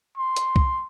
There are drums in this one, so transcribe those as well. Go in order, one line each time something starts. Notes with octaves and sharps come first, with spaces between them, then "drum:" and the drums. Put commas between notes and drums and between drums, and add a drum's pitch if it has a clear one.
C6
drum: hi-hat
drum: kick C2